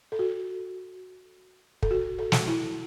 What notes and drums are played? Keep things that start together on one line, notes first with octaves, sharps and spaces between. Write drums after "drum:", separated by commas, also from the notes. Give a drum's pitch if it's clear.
A4
F#4
A4, drum: kick
F#4
A4
drum: snare
E4